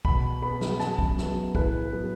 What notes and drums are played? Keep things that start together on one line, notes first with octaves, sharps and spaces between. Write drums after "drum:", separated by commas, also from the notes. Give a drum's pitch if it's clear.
B2 B5, drum: kick
B3 B5
drum: snare
F#2 A5, drum: snare
drum: kick
F#3 B3, drum: snare
A2 B4, drum: kick
F#3 B3